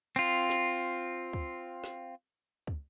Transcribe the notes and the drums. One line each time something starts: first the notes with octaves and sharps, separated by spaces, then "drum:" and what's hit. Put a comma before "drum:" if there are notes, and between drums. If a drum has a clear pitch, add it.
C4 F4
drum: snare
drum: kick
drum: snare
drum: kick